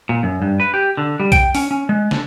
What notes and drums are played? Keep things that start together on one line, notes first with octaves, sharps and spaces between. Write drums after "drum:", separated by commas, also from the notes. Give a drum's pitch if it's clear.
A#2
F#2
G2
B4
G4
D3
G3
G5, drum: kick B1, hi-hat
C#4, drum: open hi-hat
C#4
G#3
D3, drum: snare